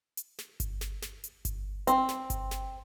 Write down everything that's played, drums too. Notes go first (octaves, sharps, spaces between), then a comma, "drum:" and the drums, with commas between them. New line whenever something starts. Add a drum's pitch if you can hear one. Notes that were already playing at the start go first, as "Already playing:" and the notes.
drum: hi-hat
drum: snare
drum: kick G1, hi-hat
drum: snare
drum: snare
drum: hi-hat
drum: kick G1, hi-hat
C4, drum: hi-hat
drum: snare
drum: kick G1, hi-hat
drum: snare